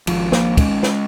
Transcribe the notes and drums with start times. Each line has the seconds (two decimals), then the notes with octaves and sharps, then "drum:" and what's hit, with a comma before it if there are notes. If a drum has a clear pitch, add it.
0.07 G#1 G#2 F3, drum: cymbal
0.32 F3 A#3, drum: snare
0.57 G#3 C#4, drum: kick, cymbal
0.83 drum: snare